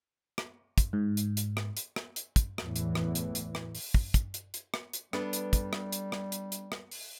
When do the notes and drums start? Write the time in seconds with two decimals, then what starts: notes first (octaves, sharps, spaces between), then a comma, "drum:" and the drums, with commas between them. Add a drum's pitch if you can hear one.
0.38 drum: rim click
0.78 drum: kick, hi-hat
0.93 G#2
1.17 drum: hi-hat
1.37 drum: hi-hat
1.57 drum: rim click
1.77 drum: hi-hat
1.96 drum: rim click
2.16 drum: hi-hat
2.36 drum: kick, hi-hat
2.58 F#1 E2 A2 E3, drum: rim click
2.76 drum: hi-hat
2.95 drum: rim click
3.15 drum: hi-hat
3.35 drum: hi-hat
3.55 drum: rim click
3.75 drum: open hi-hat
3.94 drum: kick
4.14 drum: kick, hi-hat
4.34 drum: hi-hat
4.54 drum: hi-hat
4.74 drum: rim click
4.93 drum: hi-hat
5.13 G3 B3 D4 A4, drum: rim click
5.33 drum: hi-hat
5.53 drum: kick, hi-hat
5.73 drum: rim click
5.92 drum: hi-hat
6.12 drum: rim click
6.32 drum: hi-hat
6.52 drum: hi-hat
6.72 drum: rim click
6.91 drum: open hi-hat